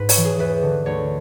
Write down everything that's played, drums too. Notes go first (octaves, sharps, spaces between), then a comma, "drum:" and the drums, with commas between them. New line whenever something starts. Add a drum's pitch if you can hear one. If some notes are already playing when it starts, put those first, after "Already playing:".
Already playing: G#2 B4
C#5, drum: open hi-hat
E3
G#4
E2 B4
D3
D2 C#5